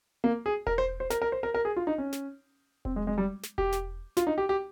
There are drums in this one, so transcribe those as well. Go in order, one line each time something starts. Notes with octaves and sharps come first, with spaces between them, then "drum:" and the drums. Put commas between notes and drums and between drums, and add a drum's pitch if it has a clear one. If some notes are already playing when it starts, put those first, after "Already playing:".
A#3
G#4
A#4, drum: kick E1
C5
C5
A#4, drum: snare
A#4
C5
A#4
A#4
G#4
F4
D#4
C#4
drum: snare
C4, drum: kick E1
G#3
G#3
G3
drum: snare
G4, drum: kick E1
drum: snare
F4, drum: snare
D#4
G4
G4